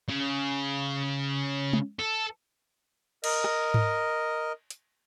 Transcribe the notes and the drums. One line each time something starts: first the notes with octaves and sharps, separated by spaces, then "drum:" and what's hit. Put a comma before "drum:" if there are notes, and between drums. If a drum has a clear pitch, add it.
C#3
drum: tom
A4
A#4 D#5, drum: cymbal
drum: rim click
drum: tom G#2
drum: hi-hat